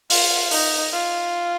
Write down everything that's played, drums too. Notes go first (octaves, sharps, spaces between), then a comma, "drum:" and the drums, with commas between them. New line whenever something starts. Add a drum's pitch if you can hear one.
F4, drum: open hi-hat
D#4, drum: open hi-hat
F4